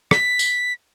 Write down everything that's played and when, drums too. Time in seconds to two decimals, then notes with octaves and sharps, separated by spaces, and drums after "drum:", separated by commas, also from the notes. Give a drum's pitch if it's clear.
0.11 B6, drum: rim click
0.39 drum: tambourine